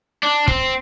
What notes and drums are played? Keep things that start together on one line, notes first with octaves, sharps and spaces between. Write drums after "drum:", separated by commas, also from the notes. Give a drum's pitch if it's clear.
D4
C4, drum: kick